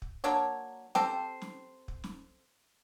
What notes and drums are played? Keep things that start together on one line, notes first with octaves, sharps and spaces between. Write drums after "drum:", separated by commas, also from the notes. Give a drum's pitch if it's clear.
drum: kick
F#3 A#3 D4 C#5
C4 G4 A4 C5, drum: snare
drum: snare
drum: kick
drum: snare